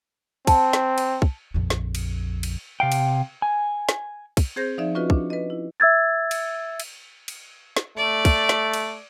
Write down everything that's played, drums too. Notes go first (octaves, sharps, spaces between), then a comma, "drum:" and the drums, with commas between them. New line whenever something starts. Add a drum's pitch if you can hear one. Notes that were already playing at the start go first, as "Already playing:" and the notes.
C4 A5, drum: kick, cymbal
drum: snare
drum: cymbal
drum: kick
A#1 F2
drum: snare
drum: cymbal
drum: cymbal
C3 F5 G5
drum: cymbal
G#5
drum: snare
drum: kick, cymbal
C4 G#4 C5 G6 A#6
F3 D#4 D5 E5
C#4 F4 F#4 B4 D#5
D4, drum: kick
B4 D#5
E4
E5 E6 G#6 A6
drum: cymbal
drum: cymbal
drum: cymbal
drum: snare
A3 D5
drum: kick, cymbal
drum: snare
drum: cymbal